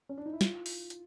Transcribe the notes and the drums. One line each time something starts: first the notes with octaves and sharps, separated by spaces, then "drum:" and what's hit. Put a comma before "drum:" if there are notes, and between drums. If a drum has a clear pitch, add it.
C#4
D4
D#4
E4
F4, drum: snare
drum: open hi-hat
drum: hi-hat